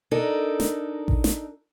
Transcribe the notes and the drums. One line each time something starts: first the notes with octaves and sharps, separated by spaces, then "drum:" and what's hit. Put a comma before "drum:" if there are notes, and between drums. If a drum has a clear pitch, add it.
D4 D#4 A4 A#4
drum: snare
drum: kick A1
drum: snare